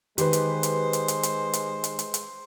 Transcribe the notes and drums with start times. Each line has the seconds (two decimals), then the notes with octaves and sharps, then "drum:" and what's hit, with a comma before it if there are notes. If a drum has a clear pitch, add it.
0.18 D#3 G#3 G4 B4 C5, drum: hi-hat
0.33 drum: hi-hat
0.63 drum: hi-hat
0.93 drum: hi-hat
1.08 drum: hi-hat
1.23 drum: hi-hat
1.53 drum: hi-hat
1.84 drum: hi-hat
1.99 drum: hi-hat
2.14 drum: hi-hat